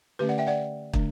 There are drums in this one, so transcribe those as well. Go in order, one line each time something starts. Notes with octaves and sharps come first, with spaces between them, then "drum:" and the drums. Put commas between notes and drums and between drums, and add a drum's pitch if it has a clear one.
D3 A3 C#4 G4 B4
D5 F#5
E5 G5
D5 F#5
D3 A3 D4, drum: kick